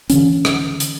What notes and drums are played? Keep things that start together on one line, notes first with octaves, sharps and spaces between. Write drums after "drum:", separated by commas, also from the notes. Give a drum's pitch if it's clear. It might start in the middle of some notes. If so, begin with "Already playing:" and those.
D3 E3 C#4, drum: hi-hat
drum: rim click
drum: hi-hat